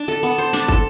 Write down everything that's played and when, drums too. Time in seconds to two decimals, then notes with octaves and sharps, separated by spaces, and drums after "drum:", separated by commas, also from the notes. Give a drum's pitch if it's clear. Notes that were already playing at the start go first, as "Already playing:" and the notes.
Already playing: D4 A5
0.08 A4
0.23 B3
0.38 C5
0.53 D4, drum: snare
0.68 A4, drum: kick